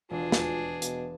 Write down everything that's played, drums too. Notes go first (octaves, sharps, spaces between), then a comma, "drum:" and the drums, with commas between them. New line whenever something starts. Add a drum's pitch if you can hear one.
E1 D4 F4 G#4
drum: snare
B2, drum: hi-hat